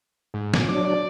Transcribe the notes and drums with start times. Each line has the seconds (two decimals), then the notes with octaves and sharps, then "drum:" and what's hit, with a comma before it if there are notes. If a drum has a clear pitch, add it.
0.34 G#2
0.54 A#2 D6, drum: snare
0.69 F#3 D4 D6
0.85 D5